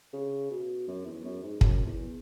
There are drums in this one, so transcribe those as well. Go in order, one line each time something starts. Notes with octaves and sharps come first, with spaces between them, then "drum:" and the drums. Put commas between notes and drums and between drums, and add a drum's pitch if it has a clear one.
C#3
B2
F#2
E2
F#2
G#2
F#2, drum: kick
E2